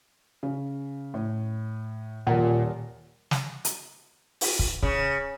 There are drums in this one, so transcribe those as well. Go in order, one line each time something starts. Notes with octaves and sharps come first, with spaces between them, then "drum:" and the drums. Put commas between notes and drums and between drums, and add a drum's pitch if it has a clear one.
C#3
A2
D#1 A#2 A#4 F#5
drum: snare
drum: hi-hat
drum: open hi-hat
drum: kick
C#3, drum: kick